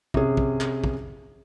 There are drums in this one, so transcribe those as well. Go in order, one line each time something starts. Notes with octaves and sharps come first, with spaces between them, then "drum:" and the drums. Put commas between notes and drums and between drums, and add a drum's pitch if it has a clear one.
C3 C#4 G#4, drum: kick
drum: kick
drum: clap
drum: kick